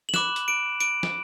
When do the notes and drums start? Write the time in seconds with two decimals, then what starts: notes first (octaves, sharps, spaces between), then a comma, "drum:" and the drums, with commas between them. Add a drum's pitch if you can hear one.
0.09 F#7
0.14 B5 D6 F#6 E7, drum: snare
0.36 drum: hi-hat
0.48 D7
0.80 D7, drum: hi-hat
1.03 drum: snare